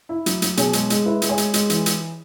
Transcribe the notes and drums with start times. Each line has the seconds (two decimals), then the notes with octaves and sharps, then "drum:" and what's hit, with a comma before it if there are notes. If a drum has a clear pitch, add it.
0.09 E4
0.26 F#3, drum: hi-hat
0.42 F#3, drum: hi-hat
0.57 B2 G#4 C#5, drum: hi-hat
0.73 G#3, drum: hi-hat
0.90 G#3, drum: hi-hat
1.05 E4 B4 E5
1.22 G#3, drum: hi-hat
1.29 G#4 C#5
1.38 G#3, drum: hi-hat
1.54 G#3, drum: hi-hat
1.70 E3, drum: hi-hat
1.86 drum: hi-hat